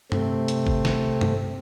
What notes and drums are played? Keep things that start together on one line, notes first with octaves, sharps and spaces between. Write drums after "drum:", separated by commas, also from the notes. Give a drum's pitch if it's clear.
C3 A3 C4, drum: tom G2
drum: hi-hat
drum: kick
drum: snare
drum: tom G2